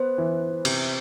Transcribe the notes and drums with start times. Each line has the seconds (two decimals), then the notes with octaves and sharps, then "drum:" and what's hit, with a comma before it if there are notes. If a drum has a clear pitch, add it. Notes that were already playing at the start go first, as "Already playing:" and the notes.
Already playing: B3 C5
0.18 E3
0.65 C3, drum: cymbal